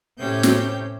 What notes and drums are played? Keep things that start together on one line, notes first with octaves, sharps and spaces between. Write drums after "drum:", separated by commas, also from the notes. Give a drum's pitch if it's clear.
A2 C3 C4 C#4 G4 G6
drum: snare